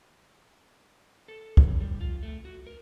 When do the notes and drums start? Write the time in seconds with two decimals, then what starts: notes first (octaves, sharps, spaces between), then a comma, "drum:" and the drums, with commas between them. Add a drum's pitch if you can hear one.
1.28 A4
1.57 C#3, drum: kick
1.81 G3
2.01 F4
2.23 A3
2.45 F#4
2.67 A#4